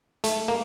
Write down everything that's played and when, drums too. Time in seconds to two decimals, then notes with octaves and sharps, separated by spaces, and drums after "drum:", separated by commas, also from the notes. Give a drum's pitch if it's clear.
0.24 A3, drum: hi-hat
0.48 A#3